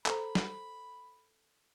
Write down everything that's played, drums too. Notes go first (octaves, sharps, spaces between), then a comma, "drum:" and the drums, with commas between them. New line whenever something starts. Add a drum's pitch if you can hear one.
A4 C5 A#5 B5, drum: clap
drum: snare